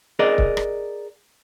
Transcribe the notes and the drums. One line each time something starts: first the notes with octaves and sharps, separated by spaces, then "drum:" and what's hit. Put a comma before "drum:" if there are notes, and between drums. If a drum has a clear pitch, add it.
G#4 A#4 D5 D#5
drum: kick C#1
drum: rim click